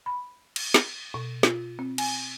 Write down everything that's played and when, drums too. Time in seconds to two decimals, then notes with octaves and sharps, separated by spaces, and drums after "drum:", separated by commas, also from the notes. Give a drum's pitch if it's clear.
0.06 B5
0.56 drum: cymbal
0.74 drum: snare
1.14 B2
1.43 F4, drum: snare
1.79 C4
1.98 G#5, drum: cymbal